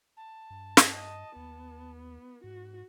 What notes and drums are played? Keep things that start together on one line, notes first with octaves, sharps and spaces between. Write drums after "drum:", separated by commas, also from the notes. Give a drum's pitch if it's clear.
A5
G2
drum: snare
D#5
D#2 B3
G#2 F#4